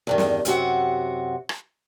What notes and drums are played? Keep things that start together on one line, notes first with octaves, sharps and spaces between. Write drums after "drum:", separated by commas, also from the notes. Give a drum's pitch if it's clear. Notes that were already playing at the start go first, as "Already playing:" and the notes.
E2 G2 D#3
drum: snare
F#2 C3 F#4 F#5, drum: hi-hat
drum: rim click